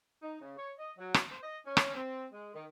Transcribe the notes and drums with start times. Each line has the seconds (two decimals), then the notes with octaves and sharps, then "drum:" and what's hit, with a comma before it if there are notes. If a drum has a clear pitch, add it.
0.22 D#4
0.40 C#3
0.57 C#5
0.78 D#5
0.97 F#3
1.14 drum: rim click
1.30 C5
1.43 D#5
1.66 C#4
1.77 drum: rim click
1.94 C4
2.32 G#3
2.55 D#3